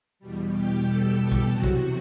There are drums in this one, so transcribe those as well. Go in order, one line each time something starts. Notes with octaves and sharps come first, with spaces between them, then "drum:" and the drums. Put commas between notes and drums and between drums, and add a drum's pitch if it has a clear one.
E2 B2 G3
G4
A4
G4
drum: kick
E2 C3 F#3 F#4
drum: kick